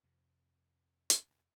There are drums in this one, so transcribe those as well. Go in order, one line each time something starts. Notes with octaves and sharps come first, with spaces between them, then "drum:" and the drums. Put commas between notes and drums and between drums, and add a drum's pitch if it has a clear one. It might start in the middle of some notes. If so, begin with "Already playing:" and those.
F2 C3
drum: hi-hat